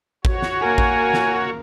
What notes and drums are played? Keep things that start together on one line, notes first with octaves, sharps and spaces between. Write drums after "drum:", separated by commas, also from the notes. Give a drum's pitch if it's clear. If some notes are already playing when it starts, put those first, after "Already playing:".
F#4 C#5, drum: kick A1
drum: snare
A#3 A#4 G#5
drum: kick A1
drum: snare